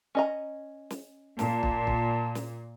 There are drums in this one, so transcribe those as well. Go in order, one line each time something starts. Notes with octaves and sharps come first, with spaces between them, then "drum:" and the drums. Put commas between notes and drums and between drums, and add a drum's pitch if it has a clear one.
C#4 D#5 A#5
drum: snare
A#2 A5, drum: snare
drum: kick
drum: kick
drum: snare